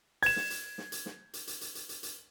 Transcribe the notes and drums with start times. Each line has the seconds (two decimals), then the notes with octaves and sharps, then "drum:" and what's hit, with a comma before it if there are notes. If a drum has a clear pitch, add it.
0.23 G#6 E7, drum: open hi-hat
0.36 drum: snare
0.50 drum: hi-hat
0.78 drum: snare
0.92 drum: hi-hat
1.06 drum: snare
1.34 drum: hi-hat
1.47 drum: hi-hat
1.61 drum: hi-hat
1.75 drum: hi-hat
1.89 drum: hi-hat
2.03 drum: hi-hat